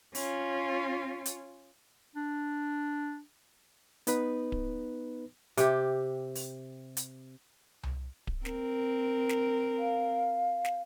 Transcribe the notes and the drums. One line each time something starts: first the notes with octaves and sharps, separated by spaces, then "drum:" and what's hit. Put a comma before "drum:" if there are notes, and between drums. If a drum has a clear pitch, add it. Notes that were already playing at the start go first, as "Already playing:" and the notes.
C#4 F4, drum: open hi-hat
drum: hi-hat
D4
B3 D#4 B4, drum: hi-hat
drum: kick D1
C3 G4, drum: hi-hat
drum: open hi-hat
drum: hi-hat
drum: tom C2
drum: kick D1
C4 A#4, drum: snare
drum: snare
F5
drum: snare